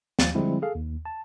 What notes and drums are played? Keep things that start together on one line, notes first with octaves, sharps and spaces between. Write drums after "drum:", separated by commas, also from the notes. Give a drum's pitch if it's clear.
D#2 F3 F5 A6, drum: snare
D3 F3 G3 G#3 C4 E4
G#4 A4 F5
D#2
A5